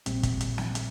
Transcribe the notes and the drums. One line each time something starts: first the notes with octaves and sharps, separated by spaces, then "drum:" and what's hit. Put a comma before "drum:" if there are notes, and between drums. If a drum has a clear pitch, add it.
A#1 A#2 G3 C4, drum: hi-hat
drum: kick, hi-hat
drum: hi-hat
drum: snare
drum: hi-hat